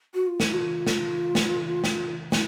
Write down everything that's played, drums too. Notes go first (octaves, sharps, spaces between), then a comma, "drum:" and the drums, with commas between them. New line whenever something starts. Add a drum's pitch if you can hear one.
F#4
F4
E4, drum: snare
F#4
F4
drum: snare
drum: snare
drum: snare
E4, drum: snare